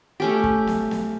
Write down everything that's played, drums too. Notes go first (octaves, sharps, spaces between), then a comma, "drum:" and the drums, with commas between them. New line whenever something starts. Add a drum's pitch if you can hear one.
A3 C#4 G4
drum: kick
drum: snare
drum: snare